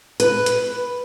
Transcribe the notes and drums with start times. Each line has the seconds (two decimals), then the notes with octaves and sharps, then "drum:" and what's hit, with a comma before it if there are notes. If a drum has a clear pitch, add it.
0.20 B4, drum: hi-hat
0.46 drum: hi-hat